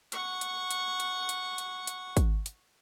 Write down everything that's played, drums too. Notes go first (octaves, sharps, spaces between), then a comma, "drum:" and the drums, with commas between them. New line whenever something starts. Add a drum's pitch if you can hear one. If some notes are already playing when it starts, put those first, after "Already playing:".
F#5 C#6, drum: hi-hat
drum: hi-hat
drum: hi-hat
drum: hi-hat
drum: hi-hat
drum: hi-hat
drum: hi-hat
drum: kick, hi-hat
drum: hi-hat